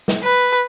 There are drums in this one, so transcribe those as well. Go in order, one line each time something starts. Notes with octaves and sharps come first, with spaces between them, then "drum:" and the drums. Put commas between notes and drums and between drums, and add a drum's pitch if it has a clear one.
drum: snare
B4